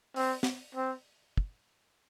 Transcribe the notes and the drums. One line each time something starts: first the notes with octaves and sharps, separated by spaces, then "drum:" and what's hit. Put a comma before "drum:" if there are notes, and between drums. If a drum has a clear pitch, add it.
C4, drum: open hi-hat
drum: snare
C4
drum: kick